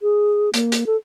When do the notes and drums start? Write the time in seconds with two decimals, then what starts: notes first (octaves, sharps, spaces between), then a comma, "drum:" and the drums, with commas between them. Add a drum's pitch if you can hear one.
0.01 G#4
0.54 A#3, drum: hi-hat
0.72 drum: hi-hat
0.86 A4